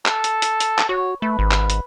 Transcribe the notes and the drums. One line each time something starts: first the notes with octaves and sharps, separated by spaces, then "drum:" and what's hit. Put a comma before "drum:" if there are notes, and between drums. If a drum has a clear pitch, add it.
A4, drum: clap
drum: hi-hat
drum: hi-hat
drum: hi-hat
drum: clap
F#4 C#5
A3 B4
G#1
drum: clap
drum: hi-hat